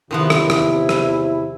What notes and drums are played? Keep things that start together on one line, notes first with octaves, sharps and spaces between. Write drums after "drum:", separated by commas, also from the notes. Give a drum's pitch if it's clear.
E2 C3 D#3 F3 B3 E4
drum: rim click
drum: rim click
drum: rim click